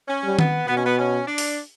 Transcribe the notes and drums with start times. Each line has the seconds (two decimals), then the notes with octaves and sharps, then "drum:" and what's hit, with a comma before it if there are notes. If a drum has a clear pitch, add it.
0.08 C#4
0.24 G3
0.39 B3, drum: tom D#3
0.67 B2 B3
0.77 C#4
0.85 B3
0.98 C#4
1.27 D4
1.38 drum: open hi-hat